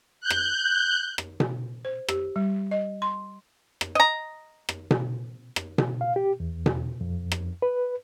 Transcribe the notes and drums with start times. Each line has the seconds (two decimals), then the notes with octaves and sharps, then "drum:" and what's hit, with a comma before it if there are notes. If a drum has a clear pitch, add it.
0.21 F#6 G6
0.30 drum: rim click
1.18 drum: rim click
1.40 drum: tom B2
1.85 C5
2.09 G4, drum: rim click
2.36 G3
2.71 D#5
3.02 C6
3.81 drum: rim click
3.95 D#5 A#5
4.69 drum: rim click
4.91 drum: tom B2
5.56 drum: rim click
5.78 drum: tom B2
6.01 F5
6.16 G4
6.40 E2
6.66 drum: tom B2
7.01 F2
7.32 drum: rim click
7.62 B4